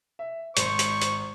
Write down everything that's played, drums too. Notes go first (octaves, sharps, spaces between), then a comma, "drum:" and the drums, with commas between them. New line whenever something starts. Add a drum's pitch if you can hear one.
E5
G#1 C5 C#6 C#7, drum: hi-hat
drum: hi-hat
drum: hi-hat